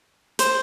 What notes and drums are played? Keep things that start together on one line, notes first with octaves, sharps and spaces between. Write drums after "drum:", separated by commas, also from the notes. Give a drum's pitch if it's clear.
C5, drum: hi-hat